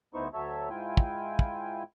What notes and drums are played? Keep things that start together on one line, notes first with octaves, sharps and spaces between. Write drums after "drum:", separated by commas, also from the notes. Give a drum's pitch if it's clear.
D2 B3 D#4 E4 C5 C#6
D2 F#3 A4 C#5 E5
G#2 E4 F4 G5 G#5
drum: kick
drum: kick